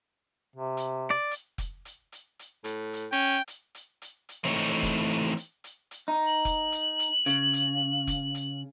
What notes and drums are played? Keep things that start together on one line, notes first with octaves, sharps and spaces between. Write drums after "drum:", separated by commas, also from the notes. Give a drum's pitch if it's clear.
C3
drum: hi-hat
D5
drum: hi-hat
drum: kick F1, hi-hat
drum: hi-hat
drum: hi-hat
drum: hi-hat
A2, drum: hi-hat
drum: hi-hat
C#4 G5
drum: hi-hat
drum: hi-hat
drum: hi-hat
drum: hi-hat
E3 A3 C4 D#4 C#5
drum: hi-hat
drum: kick F1, hi-hat
drum: hi-hat
drum: hi-hat
drum: hi-hat
drum: hi-hat
D#4
F#7
drum: kick F1, hi-hat
drum: hi-hat
drum: hi-hat
C#3, drum: hi-hat
drum: hi-hat
drum: kick F1, hi-hat
drum: hi-hat